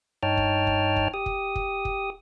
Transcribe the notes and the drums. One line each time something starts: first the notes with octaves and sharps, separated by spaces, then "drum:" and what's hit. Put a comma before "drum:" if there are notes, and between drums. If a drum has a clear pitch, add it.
G2 D#4 C#5 G5 A5 F6
drum: kick
drum: kick
drum: kick
G4 D#6
drum: kick
drum: kick
drum: kick